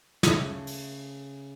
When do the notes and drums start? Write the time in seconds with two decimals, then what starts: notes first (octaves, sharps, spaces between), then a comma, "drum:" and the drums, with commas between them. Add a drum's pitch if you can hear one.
0.23 C#3 A3, drum: snare
0.67 drum: open hi-hat